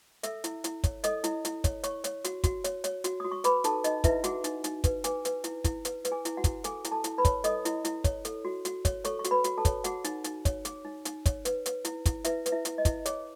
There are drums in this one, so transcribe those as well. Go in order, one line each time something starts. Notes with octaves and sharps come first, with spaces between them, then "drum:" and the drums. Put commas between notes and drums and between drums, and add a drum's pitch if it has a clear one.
A4 E5 E6, drum: hi-hat
E4, drum: hi-hat
E4, drum: hi-hat
C#5, drum: kick, hi-hat
A4 D#5 D#6, drum: hi-hat
E4, drum: hi-hat
E4, drum: hi-hat
C#5, drum: kick, hi-hat
C#5 C#6, drum: hi-hat
C#5, drum: hi-hat
F#4, drum: hi-hat
F#4, drum: kick, hi-hat
C#5, drum: hi-hat
C#5, drum: hi-hat
F#4, drum: hi-hat
F#4 D#6
C#6
G#4 B4 B5, drum: hi-hat
D#4 A4 A5, drum: hi-hat
D#4 D#5, drum: hi-hat
E4 B4 E5, drum: kick, hi-hat
F#4 G#4 F#5, drum: hi-hat
D#4, drum: hi-hat
D#4, drum: hi-hat
B4, drum: kick, hi-hat
G#4 B4 G#5, drum: hi-hat
B4, drum: hi-hat
E4, drum: hi-hat
E4, drum: kick, hi-hat
B4, drum: hi-hat
B4, drum: hi-hat
G#4 G#5
E4, drum: hi-hat
F#4 F#5
E4, drum: kick, hi-hat
G#4 A4 G#5, drum: hi-hat
E4, drum: hi-hat
A4 A5
E4, drum: hi-hat
B4 B5
C#5, drum: kick, hi-hat
A4 D#5 D#6, drum: hi-hat
E4, drum: hi-hat
E4, drum: hi-hat
C#5, drum: kick, hi-hat
A4, drum: hi-hat
F#4
F#4, drum: hi-hat
C#5, drum: kick, hi-hat
A4 C#5 C#6, drum: hi-hat
C#6
F#4, drum: hi-hat
B4 B5
F#4, drum: hi-hat
A4 A5
C#5, drum: kick, hi-hat
F#4 G#4 F#5, drum: hi-hat
D#4, drum: hi-hat
D#4, drum: hi-hat
C#5, drum: kick, hi-hat
G#4, drum: hi-hat
D#4
D#4, drum: hi-hat
C#5, drum: kick, hi-hat
B4, drum: hi-hat
B4, drum: hi-hat
E4, drum: hi-hat
E4, drum: kick, hi-hat
E4 B4 E5, drum: hi-hat
B4, drum: hi-hat
E4 E5
E4, drum: hi-hat
D#5
E4, drum: kick, hi-hat
G#4 C#5, drum: hi-hat